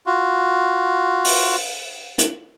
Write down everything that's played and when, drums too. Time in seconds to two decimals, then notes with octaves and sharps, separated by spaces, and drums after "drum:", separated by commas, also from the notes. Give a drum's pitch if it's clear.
0.06 F4 F#4
1.25 drum: open hi-hat
2.18 drum: hi-hat